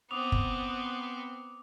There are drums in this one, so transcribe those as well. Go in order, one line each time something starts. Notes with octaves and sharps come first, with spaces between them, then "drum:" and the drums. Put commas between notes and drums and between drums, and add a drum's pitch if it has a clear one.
B3 C4 D6 D#6 F7
drum: kick